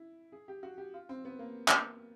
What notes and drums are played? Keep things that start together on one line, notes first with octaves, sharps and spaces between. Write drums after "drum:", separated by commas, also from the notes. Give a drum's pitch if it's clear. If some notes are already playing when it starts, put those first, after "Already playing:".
Already playing: E4
G#4
G4
F#4
G4
F4
C4
B3
A#3
drum: clap